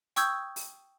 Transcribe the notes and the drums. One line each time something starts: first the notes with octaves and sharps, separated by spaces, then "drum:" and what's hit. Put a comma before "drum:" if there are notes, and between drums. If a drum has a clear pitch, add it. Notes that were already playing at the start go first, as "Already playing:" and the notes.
G5 C#6 D#6 E6 G6 G#6, drum: hi-hat
drum: open hi-hat